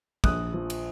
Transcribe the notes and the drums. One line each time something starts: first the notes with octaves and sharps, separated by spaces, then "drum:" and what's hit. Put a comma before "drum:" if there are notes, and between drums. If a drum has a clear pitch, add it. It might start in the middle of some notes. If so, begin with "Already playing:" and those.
A#1 D#6 F#6, drum: kick
F3
drum: cymbal